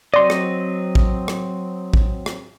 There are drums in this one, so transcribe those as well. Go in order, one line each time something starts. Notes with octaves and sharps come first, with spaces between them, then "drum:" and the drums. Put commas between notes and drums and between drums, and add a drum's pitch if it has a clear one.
F#3 C4 D5 D#5 C6
drum: rim click
drum: kick A1
drum: rim click
drum: kick A1
drum: rim click